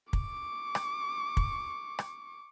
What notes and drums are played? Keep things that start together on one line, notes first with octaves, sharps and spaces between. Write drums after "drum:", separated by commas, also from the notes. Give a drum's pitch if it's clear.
C#6 D6, drum: kick
drum: rim click
drum: kick
drum: rim click